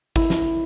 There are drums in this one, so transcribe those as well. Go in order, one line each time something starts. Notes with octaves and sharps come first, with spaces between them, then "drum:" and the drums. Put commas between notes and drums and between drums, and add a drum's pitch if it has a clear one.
E4, drum: kick, open hi-hat
drum: snare
drum: hi-hat